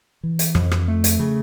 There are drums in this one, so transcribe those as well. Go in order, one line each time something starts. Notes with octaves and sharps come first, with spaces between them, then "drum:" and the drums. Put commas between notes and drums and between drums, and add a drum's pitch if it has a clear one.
E3
drum: hi-hat
F2, drum: rim click
drum: rim click
A3
drum: hi-hat
C#3